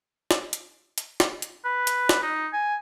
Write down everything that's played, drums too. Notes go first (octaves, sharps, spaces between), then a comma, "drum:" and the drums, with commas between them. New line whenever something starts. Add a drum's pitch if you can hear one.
drum: snare
drum: hi-hat
drum: hi-hat
drum: snare
drum: hi-hat
B4
drum: hi-hat
drum: snare
D#4
G#5